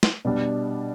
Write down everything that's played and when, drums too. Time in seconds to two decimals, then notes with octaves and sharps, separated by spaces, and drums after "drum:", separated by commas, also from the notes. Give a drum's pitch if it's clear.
0.03 drum: snare
0.25 B2 G3 D4